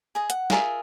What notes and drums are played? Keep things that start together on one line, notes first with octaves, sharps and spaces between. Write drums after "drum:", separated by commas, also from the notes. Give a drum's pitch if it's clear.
G#4 D#5
F#5, drum: hi-hat
F4 G#4 A#4 E5, drum: snare